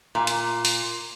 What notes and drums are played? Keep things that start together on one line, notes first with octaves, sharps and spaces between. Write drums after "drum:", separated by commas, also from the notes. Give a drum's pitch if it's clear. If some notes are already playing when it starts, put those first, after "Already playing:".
A#2
drum: hi-hat
drum: open hi-hat